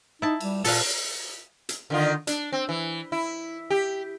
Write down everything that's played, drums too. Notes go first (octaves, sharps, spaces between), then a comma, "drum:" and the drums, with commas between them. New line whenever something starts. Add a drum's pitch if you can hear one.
D#4 E4 A5
G3, drum: cymbal
A#2 A4 B4 F5, drum: open hi-hat
drum: hi-hat
D3 D#3 F4
D4, drum: hi-hat
C4
E3
E4
G4